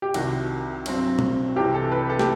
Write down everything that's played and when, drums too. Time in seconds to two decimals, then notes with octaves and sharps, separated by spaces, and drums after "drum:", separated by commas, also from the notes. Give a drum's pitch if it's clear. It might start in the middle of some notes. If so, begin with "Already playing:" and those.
0.02 G4
0.14 C2 C3 D#3 F#4, drum: cymbal
0.86 G2 F#3 C4, drum: cymbal
1.19 drum: tom
1.56 C2 C3 E3 G4
1.74 A4
1.92 B4
2.10 A4
2.19 G4, drum: snare